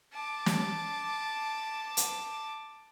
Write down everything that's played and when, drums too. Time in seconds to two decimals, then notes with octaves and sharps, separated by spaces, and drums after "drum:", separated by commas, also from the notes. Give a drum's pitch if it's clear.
0.13 A5 D6
0.46 drum: snare
1.97 drum: hi-hat